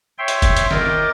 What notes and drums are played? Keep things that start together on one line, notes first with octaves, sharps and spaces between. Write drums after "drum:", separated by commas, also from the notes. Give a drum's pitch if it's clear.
C#5 E5 G5 C6
drum: hi-hat
drum: kick, hi-hat
drum: hi-hat
A#4 D#5 D6 G6 A6, drum: snare